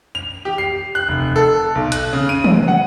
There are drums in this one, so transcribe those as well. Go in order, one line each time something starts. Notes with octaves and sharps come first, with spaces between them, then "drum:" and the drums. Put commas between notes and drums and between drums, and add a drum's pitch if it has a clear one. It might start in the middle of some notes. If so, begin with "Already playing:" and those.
F7
G4
C7
F#6
F1
A4
B1
F#6, drum: hi-hat
C#3
D#7
drum: tom E3
F#5